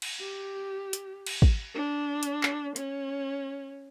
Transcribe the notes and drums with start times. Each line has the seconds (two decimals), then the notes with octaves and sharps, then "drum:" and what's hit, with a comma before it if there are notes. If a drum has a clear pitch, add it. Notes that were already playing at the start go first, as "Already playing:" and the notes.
0.02 drum: cymbal
0.20 G4
0.93 drum: hi-hat
1.26 drum: cymbal
1.42 drum: kick
1.74 D4
2.23 drum: hi-hat
2.43 drum: clap
2.76 C#4, drum: hi-hat